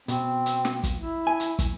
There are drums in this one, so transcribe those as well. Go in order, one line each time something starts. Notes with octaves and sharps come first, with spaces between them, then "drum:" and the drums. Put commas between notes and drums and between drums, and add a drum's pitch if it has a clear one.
B2 C4, drum: hi-hat
drum: hi-hat
drum: snare
drum: kick, hi-hat
E4
G#5
drum: hi-hat
drum: kick, hi-hat